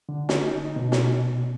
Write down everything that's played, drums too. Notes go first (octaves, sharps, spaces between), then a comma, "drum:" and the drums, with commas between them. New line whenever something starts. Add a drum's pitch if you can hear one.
D3
drum: snare
D#4
B2
drum: snare